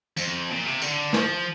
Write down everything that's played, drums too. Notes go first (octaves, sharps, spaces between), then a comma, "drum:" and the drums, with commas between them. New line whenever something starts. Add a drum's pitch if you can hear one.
F2, drum: tambourine
A#2
C3
D3, drum: tambourine
F3, drum: snare